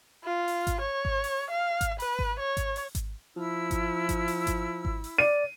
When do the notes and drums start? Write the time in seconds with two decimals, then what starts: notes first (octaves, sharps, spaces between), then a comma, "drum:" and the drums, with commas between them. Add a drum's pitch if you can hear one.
0.24 F4
0.48 drum: open hi-hat
0.67 drum: kick G#1, hi-hat
0.81 C#5
1.05 drum: kick G#1
1.24 drum: open hi-hat
1.50 F5
1.81 drum: kick G#1, hi-hat
2.00 B4, drum: open hi-hat
2.19 drum: kick G#1
2.40 C#5
2.57 drum: kick G#1, hi-hat
2.76 drum: open hi-hat
2.95 drum: kick G#1, hi-hat
3.36 F3 E4 E6
3.71 drum: kick G#1, hi-hat
4.09 drum: kick G#1, hi-hat
4.28 drum: open hi-hat
4.47 drum: kick G#1, hi-hat
4.85 drum: kick G#1
5.04 drum: open hi-hat
5.18 D5 D#7